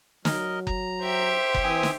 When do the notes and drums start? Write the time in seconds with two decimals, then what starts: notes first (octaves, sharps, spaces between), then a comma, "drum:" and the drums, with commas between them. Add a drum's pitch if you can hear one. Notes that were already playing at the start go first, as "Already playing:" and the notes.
0.25 F#3 A#4 D#5, drum: snare
0.67 A#5, drum: kick F#1
1.04 G4 C5 E5
1.54 drum: kick F#1
1.64 E3 C4 G#5 D#6
1.83 drum: snare